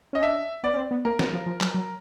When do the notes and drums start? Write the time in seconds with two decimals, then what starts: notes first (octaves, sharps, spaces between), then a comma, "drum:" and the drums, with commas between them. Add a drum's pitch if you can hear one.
0.13 C#4 D#5
0.22 D4 E5
0.63 B3 D5
0.74 C#4
0.77 C4
0.91 B3
1.05 A#3 A#4
1.19 B3, drum: snare
1.33 F3
1.46 F3
1.61 F#3, drum: clap
1.74 F#3